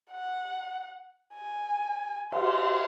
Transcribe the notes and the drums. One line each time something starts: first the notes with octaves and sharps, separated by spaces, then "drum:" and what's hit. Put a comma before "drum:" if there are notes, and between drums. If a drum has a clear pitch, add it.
F#5
G#5
C6, drum: cymbal